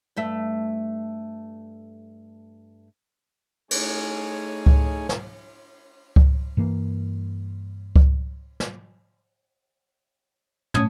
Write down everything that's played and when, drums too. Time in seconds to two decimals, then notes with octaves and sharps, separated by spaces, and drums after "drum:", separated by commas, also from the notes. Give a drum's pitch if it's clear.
0.16 G2 A3 E5
3.71 A3 D#4 G#4 C#5 G#5, drum: cymbal
4.66 drum: kick C#2
5.09 drum: snare
6.16 drum: kick C#2
6.57 G2 E3 A#3
7.96 drum: kick C#2
8.60 drum: snare
10.74 A3 C#4 D#6 G#6, drum: tom